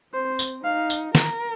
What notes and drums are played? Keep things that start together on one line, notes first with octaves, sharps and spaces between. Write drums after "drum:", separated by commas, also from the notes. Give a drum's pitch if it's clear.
C4 C5
drum: tambourine
D#4 F5
drum: tambourine
A#4, drum: snare